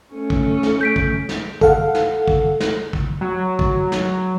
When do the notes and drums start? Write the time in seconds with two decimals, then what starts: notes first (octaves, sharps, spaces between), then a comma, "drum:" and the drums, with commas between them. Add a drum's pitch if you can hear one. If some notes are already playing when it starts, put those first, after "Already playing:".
0.14 A3 C#4
0.30 drum: kick
0.63 drum: snare
0.81 G6 B6 D7
0.96 drum: kick
1.29 drum: snare
1.61 A4 F5 F#5, drum: kick
1.95 drum: snare
2.28 drum: kick
2.60 drum: snare
2.93 drum: kick
3.21 F#3
3.59 drum: kick
3.92 drum: snare